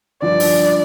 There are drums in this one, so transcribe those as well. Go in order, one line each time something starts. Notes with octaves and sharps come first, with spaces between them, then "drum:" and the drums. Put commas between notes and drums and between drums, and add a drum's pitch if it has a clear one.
G2 D3 F3 D5
drum: open hi-hat